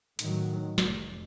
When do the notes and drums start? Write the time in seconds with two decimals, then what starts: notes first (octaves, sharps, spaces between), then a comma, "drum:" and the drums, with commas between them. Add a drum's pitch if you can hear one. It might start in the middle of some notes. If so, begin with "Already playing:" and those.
0.19 A2 D#3 F#3, drum: hi-hat
0.78 F1, drum: snare